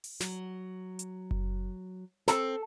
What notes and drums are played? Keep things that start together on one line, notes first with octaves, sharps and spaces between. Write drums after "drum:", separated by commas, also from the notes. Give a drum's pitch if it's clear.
drum: open hi-hat
F#3, drum: snare
drum: hi-hat
drum: kick F#1
C4 A4, drum: snare